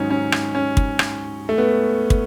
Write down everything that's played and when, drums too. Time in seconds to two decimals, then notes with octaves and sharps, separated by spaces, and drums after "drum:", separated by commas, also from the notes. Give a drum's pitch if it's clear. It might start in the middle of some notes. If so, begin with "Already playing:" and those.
Already playing: G#2 D#3 F#3 C#4 D#4
0.10 C#4
0.32 drum: rim click
0.55 C#4
0.77 drum: kick
0.99 drum: rim click
1.49 A3
1.58 B3
2.10 drum: kick